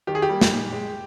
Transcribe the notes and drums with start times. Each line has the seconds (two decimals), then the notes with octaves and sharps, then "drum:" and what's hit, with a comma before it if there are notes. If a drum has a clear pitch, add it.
0.07 D#3 G4
0.15 G#4
0.22 G4
0.29 G3 A#3
0.41 drum: snare
0.51 A#2
0.73 G#3